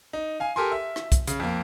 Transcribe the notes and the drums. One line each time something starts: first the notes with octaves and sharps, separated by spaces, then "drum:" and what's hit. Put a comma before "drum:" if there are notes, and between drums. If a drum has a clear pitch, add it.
D#4
F5 G#5
G4 A4 A#4 G#5 C6
E5
drum: rim click
drum: kick, hi-hat
C#3, drum: hi-hat
F2 A#3